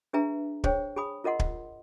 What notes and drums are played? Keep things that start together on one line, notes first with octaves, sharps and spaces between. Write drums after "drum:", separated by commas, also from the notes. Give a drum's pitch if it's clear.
D4 G#4 B4 E5 G#5 A#5
G#4 C5 C#5 G5, drum: kick
G#4 G#5 B5 D#6
F4 A#4 D#5 F#5 C6
drum: kick